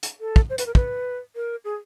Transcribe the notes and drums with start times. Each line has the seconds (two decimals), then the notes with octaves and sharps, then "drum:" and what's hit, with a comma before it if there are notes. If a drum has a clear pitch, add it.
0.03 drum: hi-hat
0.21 A4
0.36 drum: kick
0.50 C5
0.58 B4, drum: hi-hat
0.66 A#4
0.75 B4, drum: kick
1.36 A#4
1.65 G#4